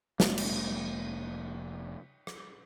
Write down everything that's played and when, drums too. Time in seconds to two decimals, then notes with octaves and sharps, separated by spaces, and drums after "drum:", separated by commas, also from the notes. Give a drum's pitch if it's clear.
0.20 F1 G#3 A#3, drum: snare
0.38 drum: cymbal
2.27 drum: rim click